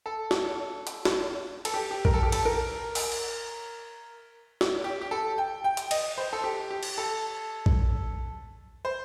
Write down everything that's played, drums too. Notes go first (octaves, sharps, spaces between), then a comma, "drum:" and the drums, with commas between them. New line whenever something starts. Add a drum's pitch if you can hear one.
A4
drum: snare
drum: hi-hat
drum: snare
A4, drum: cymbal
G4
G4
A#4, drum: kick
A4
G4
A4, drum: cymbal
A#4
drum: open hi-hat
drum: cymbal
drum: snare
G4
G4
A4
G5
G5
drum: hi-hat
D#5, drum: cymbal
C5
A4
G4
G4
drum: cymbal
A4
drum: kick
C5